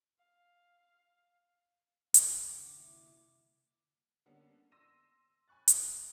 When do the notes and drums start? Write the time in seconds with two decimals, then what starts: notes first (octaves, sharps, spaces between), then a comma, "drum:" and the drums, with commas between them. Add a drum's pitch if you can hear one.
0.19 F5
2.14 A#4, drum: hi-hat
2.33 G2 B2 F#5
2.47 F#2 D3 D6
2.78 C3 A#3 E4
4.26 D3 G3 A#3 B3 C#4
4.71 C6 E6 A#6 D#7 E7
5.48 G#5 B5 C#6 F#6 A6
5.68 D#6, drum: hi-hat